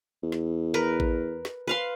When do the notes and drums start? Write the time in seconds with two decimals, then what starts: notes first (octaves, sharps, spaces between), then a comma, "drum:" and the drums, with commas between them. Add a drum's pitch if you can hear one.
0.23 E2
0.32 drum: snare
0.74 A#4 B4
1.00 drum: kick A1
1.45 drum: snare
1.67 B4 F5 C6